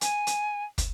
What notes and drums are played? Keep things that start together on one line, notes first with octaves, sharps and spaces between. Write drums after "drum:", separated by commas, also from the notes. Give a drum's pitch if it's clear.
G#5, drum: hi-hat
drum: hi-hat
drum: kick, hi-hat